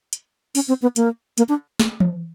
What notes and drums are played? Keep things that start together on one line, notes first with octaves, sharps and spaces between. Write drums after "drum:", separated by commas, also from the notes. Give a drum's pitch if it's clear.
drum: hi-hat
C#4, drum: open hi-hat
C4
B3
A#3, drum: hi-hat
A#3, drum: hi-hat
D4
drum: snare
drum: tom E3